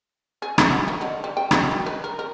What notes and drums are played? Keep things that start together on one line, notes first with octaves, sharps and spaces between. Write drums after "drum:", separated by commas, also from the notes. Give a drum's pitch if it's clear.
G#4
E4, drum: rim click
F#4
D#3
D3
G3
G5
F#3, drum: rim click
D#3
B4
A#4
A#4